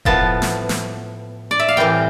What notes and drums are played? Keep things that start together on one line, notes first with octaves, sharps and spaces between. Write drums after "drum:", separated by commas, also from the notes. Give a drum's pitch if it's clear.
A2 F3 B3 A5, drum: kick E1
drum: snare
drum: snare
D5
E5
F5
A2 E3 G3 C4 G5